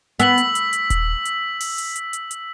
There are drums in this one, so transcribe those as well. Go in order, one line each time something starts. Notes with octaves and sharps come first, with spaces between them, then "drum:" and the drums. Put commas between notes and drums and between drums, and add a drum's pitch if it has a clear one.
B3 E6 B6 F#7, drum: hi-hat
drum: hi-hat
drum: hi-hat
drum: hi-hat
drum: kick D#1, hi-hat
drum: hi-hat
drum: open hi-hat
drum: hi-hat
drum: hi-hat
drum: hi-hat
drum: hi-hat